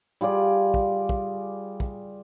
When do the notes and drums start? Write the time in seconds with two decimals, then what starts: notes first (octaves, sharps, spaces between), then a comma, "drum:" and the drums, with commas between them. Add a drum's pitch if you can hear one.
0.21 G3 F4 G#4 D5
0.74 drum: kick
1.09 drum: kick
1.80 drum: kick